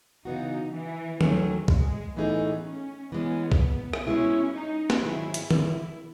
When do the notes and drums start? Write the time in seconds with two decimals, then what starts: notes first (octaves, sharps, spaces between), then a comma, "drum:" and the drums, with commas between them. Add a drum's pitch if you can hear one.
0.25 C#3 E3 B3 D#4 F#4
0.73 E3
1.21 D#2 D#3 F#3 A3 C#4 G#4, drum: tom D#3
1.68 G#3, drum: kick B1
2.16 A2 E3 A3 B3 D#4 G#4
2.64 C#4
3.12 E3 G#3 B3 C#4
3.52 drum: kick B1
3.93 drum: rim click
4.07 B2 G#3 B3 C#4 E4 G#4
4.55 D#4
4.90 drum: snare
5.03 G#2 D#3 F#3 C#4 E4 G#4
5.34 drum: hi-hat
5.51 E4, drum: tom D#3